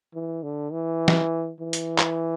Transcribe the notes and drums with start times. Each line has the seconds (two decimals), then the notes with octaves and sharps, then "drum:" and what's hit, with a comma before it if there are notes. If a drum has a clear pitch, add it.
0.14 E3
0.43 D3
0.72 E3
1.08 drum: snare
1.60 E3
1.73 drum: hi-hat
1.98 drum: clap